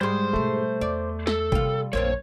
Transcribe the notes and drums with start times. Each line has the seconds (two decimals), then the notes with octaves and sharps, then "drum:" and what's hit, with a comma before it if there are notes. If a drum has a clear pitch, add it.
0.01 G#2 G3 G#3 C5 C6
0.33 B2 G3 A3
0.81 E2 D5
1.27 A4, drum: snare
1.52 C3 G3 A#3 F4, drum: kick
1.93 A#1 F#2 A#3 C4 D4 C#5